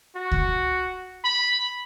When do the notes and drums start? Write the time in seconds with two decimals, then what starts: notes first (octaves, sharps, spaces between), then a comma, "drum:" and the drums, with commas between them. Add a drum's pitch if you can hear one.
0.16 F#4
0.32 drum: kick C#2
1.25 B5